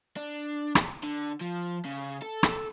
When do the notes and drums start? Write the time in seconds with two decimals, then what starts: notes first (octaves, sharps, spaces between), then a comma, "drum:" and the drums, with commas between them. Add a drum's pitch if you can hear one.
0.16 D4
0.75 drum: rim click
1.03 D3
1.41 F3
1.85 C#3
2.22 A4
2.43 drum: rim click